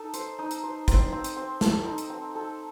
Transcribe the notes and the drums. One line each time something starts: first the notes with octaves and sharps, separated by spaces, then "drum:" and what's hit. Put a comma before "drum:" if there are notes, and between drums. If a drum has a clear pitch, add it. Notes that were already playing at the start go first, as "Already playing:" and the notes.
Already playing: D#4 A4
C5, drum: hi-hat
D#4
drum: hi-hat
C5
C4, drum: kick, hi-hat
C4
drum: hi-hat
C4
A4, drum: snare
D#4
drum: hi-hat
C4
A4